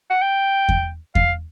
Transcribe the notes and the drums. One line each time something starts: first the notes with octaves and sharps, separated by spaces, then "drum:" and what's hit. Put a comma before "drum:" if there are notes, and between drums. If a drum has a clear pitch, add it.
F#5
G5
drum: kick E2
F5, drum: kick E2